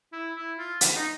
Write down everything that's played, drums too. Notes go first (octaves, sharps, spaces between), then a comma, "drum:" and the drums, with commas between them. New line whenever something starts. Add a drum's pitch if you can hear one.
E4
E4
F4
drum: hi-hat
D#4